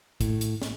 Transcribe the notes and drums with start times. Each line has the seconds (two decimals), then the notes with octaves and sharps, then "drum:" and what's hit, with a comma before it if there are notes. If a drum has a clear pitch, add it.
0.21 A2, drum: kick, hi-hat
0.41 drum: hi-hat
0.62 drum: snare